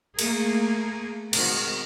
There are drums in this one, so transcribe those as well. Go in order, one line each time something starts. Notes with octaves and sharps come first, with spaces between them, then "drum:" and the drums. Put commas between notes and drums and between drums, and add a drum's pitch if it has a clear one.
A3 A#3 G#4 A#4, drum: cymbal
B2 D#3 G#3 C4 F#4, drum: cymbal